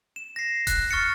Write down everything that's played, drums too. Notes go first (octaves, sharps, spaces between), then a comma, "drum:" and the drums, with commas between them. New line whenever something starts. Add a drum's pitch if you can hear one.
E7
A#6 C7
F#6, drum: kick D#1, hi-hat
C#6 F6 A6 A#6 C#7